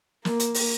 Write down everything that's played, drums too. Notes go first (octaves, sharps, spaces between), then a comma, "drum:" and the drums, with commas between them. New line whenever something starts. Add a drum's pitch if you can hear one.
A#3, drum: snare
drum: hi-hat
drum: open hi-hat